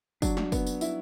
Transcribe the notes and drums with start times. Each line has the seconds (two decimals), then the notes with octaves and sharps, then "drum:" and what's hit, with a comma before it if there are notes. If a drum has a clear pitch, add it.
0.22 F#3 D4, drum: kick, tambourine
0.37 drum: snare
0.52 B3, drum: kick, tambourine
0.67 drum: tambourine
0.81 E4, drum: tambourine